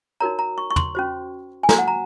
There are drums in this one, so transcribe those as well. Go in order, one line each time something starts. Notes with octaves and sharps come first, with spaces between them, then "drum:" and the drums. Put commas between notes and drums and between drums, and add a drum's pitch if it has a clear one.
D#4 F#4 A#4 C#5 A#5
A#5
C#6
C#6
C6, drum: tom
C#4 F#4 C5
G#5
F#4 C5 A#5, drum: snare
F#5
A#5